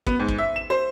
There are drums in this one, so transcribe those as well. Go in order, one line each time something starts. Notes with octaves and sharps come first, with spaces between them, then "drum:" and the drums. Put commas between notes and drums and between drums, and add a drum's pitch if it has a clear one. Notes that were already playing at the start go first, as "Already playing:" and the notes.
B3, drum: kick
G#2
drum: kick
E5
E7
C5